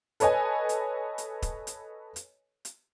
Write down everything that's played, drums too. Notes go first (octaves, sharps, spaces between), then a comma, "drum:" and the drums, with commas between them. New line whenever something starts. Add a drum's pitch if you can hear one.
A4 B4 C#5 D#5 G#5, drum: hi-hat
drum: hi-hat
drum: hi-hat
drum: kick D#1, hi-hat
drum: hi-hat
drum: hi-hat
drum: hi-hat